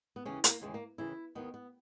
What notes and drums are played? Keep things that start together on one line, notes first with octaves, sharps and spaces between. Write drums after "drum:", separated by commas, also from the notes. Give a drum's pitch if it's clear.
B3
D#2 C#3 E3 C#4
A#3, drum: hi-hat
D#2 C#3 E3 G#3
A#3
D#2 C#3 E3 E4
D#2 D#3 B3
B3